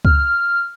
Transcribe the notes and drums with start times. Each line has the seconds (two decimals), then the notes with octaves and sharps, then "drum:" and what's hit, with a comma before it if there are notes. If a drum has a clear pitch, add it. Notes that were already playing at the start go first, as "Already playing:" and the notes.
0.05 F6, drum: kick C#2